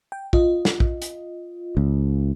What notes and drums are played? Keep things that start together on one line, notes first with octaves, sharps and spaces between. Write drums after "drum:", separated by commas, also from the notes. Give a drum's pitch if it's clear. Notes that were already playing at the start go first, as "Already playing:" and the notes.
G5
F4 D#5, drum: kick
drum: snare
drum: kick
drum: hi-hat
C#2